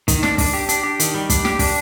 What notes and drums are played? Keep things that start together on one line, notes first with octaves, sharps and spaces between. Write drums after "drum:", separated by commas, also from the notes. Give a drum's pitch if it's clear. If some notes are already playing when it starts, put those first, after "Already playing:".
D#3, drum: kick, hi-hat
D4, drum: snare
D4, drum: kick, open hi-hat
G4
D4, drum: hi-hat
G4
D#3, drum: hi-hat
G3
D4, drum: kick, hi-hat
G4, drum: snare
D4, drum: kick, open hi-hat